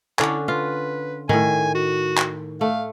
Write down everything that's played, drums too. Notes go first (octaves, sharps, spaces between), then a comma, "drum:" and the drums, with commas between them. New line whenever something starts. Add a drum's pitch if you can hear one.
D3 C#4 D4 E4, drum: clap
F4 B4
A2 D#3 G#5, drum: tom A2
F#4
drum: clap
A3 F5